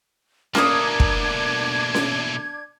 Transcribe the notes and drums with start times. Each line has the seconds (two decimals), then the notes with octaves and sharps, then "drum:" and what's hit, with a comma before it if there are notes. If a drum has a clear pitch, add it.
0.55 B2 A3 A#3 D4 D#6 G#6, drum: snare C#4
1.00 drum: kick
1.94 drum: snare C#4